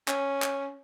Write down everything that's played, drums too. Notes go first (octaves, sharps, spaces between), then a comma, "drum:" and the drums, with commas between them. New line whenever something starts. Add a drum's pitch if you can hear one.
C#4, drum: clap
drum: clap